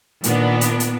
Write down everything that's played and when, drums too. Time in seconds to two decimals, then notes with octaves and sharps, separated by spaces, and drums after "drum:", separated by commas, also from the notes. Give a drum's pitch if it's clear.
0.24 A#2 D#3 B3 D4, drum: hi-hat
0.61 drum: hi-hat
0.80 drum: hi-hat